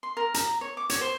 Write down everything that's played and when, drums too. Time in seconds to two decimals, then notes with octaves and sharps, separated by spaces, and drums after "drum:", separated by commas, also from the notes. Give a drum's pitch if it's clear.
0.03 C6
0.17 A#4
0.34 A#5, drum: hi-hat
0.61 C#5
0.77 D6
0.90 C#5, drum: hi-hat
1.01 C5